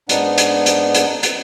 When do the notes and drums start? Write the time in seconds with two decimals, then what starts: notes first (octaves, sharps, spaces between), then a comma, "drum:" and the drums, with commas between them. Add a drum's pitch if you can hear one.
0.09 G#2 B3 D4 D#4 F#5, drum: hi-hat
0.38 drum: hi-hat
0.66 drum: hi-hat
0.94 drum: hi-hat
1.23 drum: hi-hat